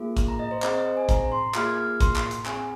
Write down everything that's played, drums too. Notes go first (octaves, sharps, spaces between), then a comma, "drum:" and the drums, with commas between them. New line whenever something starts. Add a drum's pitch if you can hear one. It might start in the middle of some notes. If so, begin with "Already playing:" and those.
Already playing: A#3 F4 G#4
drum: kick, hi-hat
A#5
D#5
C5
C4 G#4 D#5, drum: clap
D#5
C5
G#5
A#5, drum: kick, hi-hat
C6
A#3 F4 G#4 F6, drum: clap
G#6
F6
C6, drum: kick, hi-hat
drum: clap
drum: hi-hat
C4 G#4 G#5, drum: clap